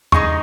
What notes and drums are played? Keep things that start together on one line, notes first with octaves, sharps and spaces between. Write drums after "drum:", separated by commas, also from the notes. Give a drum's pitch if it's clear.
G#3 D#4 G#4 C#6, drum: tom E2